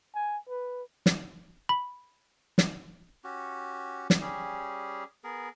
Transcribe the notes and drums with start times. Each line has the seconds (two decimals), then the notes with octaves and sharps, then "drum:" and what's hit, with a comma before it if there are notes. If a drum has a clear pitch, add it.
0.15 G#5
0.49 B4
1.06 drum: snare
1.69 B5
2.58 drum: snare
3.24 C#4 F#4 G4
4.10 drum: snare
4.21 G3 C#4 G4 G#4
5.24 B3 G#4 A#4